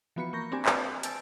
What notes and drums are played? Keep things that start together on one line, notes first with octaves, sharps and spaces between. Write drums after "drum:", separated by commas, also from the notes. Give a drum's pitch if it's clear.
E3 F3 B3 F#4 B5 C#7
A#3 C#6 G6 A#6
C4 D4 G4 G#5
B4 C5 D5, drum: clap
G6
G#5 A5 E6 G6 A6 D7, drum: hi-hat